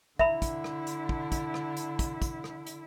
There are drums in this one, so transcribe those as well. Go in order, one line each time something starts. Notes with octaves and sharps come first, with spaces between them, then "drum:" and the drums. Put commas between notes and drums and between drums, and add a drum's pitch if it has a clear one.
D3 E4 E5 A#5 B5, drum: kick
drum: kick, hi-hat
drum: rim click
drum: hi-hat
drum: kick
drum: kick, hi-hat
drum: rim click
drum: hi-hat
drum: kick, hi-hat
drum: kick, hi-hat
drum: rim click
drum: hi-hat